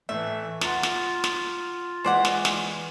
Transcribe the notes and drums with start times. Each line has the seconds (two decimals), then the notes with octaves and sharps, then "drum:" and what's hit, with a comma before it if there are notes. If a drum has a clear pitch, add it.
0.09 A2 E3 A3 E5
0.61 F4 F#5 A#5 C6, drum: snare
0.83 drum: snare
1.24 drum: snare
2.04 E3 G#3 C5 D5 F#5
2.25 drum: snare
2.45 drum: snare